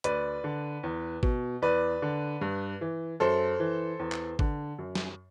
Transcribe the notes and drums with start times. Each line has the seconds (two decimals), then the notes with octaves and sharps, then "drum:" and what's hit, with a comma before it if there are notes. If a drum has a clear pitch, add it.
0.04 D2 B4 D5, drum: hi-hat
0.44 D3
0.83 E2
1.23 B2, drum: kick G#1
1.62 E2 B4 D5
2.02 D3
2.41 G2
2.81 E3
3.20 F#2 A4 C5
3.60 E3
4.00 E2
4.12 drum: clap
4.39 D3, drum: kick G#1
4.79 F#2
4.95 drum: snare